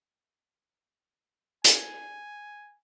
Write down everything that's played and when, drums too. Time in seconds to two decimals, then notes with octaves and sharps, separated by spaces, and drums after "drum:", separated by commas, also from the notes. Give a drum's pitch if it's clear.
1.64 G#5, drum: hi-hat